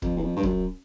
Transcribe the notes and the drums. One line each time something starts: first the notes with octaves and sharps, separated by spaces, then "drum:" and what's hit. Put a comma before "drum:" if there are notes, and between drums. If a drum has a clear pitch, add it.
F2, drum: kick
E2
F2
G2
F#2, drum: kick